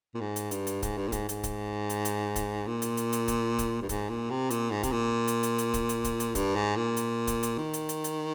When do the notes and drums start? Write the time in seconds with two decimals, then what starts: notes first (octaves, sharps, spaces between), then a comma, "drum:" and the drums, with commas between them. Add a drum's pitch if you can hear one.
0.14 A#2
0.21 G#2
0.36 drum: hi-hat
0.51 G2, drum: hi-hat
0.67 drum: hi-hat
0.82 G#2, drum: kick C#1, hi-hat
0.97 G2
1.08 A#2
1.12 G#2, drum: kick C#1, hi-hat
1.29 G#2, drum: hi-hat
1.43 drum: kick C#1, hi-hat
1.90 drum: hi-hat
2.05 drum: hi-hat
2.36 drum: kick C#1, hi-hat
2.67 A#2
2.82 drum: hi-hat
2.97 drum: hi-hat
3.12 drum: hi-hat
3.28 drum: kick C#1, hi-hat
3.59 drum: kick C#1, hi-hat
3.82 G2
3.89 G#2, drum: kick C#1, hi-hat
4.09 A#2
4.30 C3
4.50 A#2, drum: hi-hat
4.71 G#2
4.83 C3, drum: kick C#1, hi-hat
4.92 A#2
5.28 drum: hi-hat
5.43 drum: hi-hat
5.58 drum: hi-hat
5.74 drum: kick C#1, hi-hat
5.89 drum: hi-hat
6.04 drum: kick C#1, hi-hat
6.20 drum: hi-hat
6.35 G2, drum: kick C#1, hi-hat
6.55 G#2
6.76 A#2
6.97 drum: hi-hat
7.27 drum: kick C#1, hi-hat
7.43 drum: hi-hat
7.58 D#3
7.73 drum: hi-hat
7.89 drum: hi-hat
8.04 drum: hi-hat